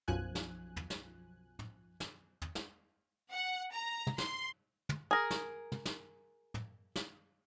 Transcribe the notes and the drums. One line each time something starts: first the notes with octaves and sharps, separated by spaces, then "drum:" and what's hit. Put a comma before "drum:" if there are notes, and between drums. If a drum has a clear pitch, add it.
B1 F#2 F3 G#5 F#6
drum: snare
drum: tom
drum: snare
drum: tom
drum: snare
drum: tom
drum: snare
F#5
A#5
drum: tom
C6, drum: snare
drum: tom
G#4 A#4
drum: snare
drum: tom
drum: snare
drum: tom
drum: snare